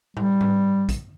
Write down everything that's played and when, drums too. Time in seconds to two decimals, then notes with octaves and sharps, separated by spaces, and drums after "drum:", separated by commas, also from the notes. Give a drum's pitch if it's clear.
0.17 G3, drum: tom A2
0.41 drum: tom G#2
0.89 drum: kick, hi-hat